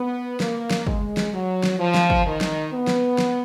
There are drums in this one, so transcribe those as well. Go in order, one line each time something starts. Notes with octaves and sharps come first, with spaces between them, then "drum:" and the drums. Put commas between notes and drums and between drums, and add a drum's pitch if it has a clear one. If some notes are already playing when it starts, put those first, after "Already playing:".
Already playing: B3
A#3, drum: snare
drum: snare
G#3, drum: kick
drum: snare
F#3
drum: snare
F3
drum: snare
drum: kick
D#3
drum: snare
B3
drum: snare
drum: snare